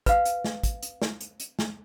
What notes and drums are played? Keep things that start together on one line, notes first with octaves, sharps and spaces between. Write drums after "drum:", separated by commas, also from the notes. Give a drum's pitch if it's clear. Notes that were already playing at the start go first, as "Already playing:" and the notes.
B4 F5, drum: kick, hi-hat
drum: hi-hat
drum: snare
drum: kick, hi-hat
drum: hi-hat
drum: snare
drum: hi-hat
drum: hi-hat
drum: snare